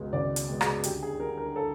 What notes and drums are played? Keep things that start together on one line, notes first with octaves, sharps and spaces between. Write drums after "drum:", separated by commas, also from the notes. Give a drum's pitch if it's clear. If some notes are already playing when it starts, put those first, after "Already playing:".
Already playing: C#2 B2 G#3
C#2 D5
drum: hi-hat
B2 G#3
G#4, drum: rim click
D2 G4, drum: hi-hat
G#4
D3 G3 A#4
A#4
A4